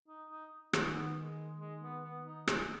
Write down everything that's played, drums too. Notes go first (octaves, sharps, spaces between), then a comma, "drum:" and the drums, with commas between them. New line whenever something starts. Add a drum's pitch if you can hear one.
D#4
D#4
D#3 B3, drum: rim click
C#4
B3
G#3
G#3
B3
B3
D#4
G#4, drum: rim click